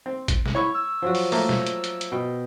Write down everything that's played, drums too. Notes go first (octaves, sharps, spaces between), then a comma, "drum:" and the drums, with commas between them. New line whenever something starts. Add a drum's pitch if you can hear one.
C4
drum: kick A1, hi-hat
drum: snare
E4 C#5 C#6
E6
F3 F#3 F#4
drum: open hi-hat
A3 A#3, drum: open hi-hat
drum: snare
drum: hi-hat
drum: hi-hat
drum: hi-hat
B2 G5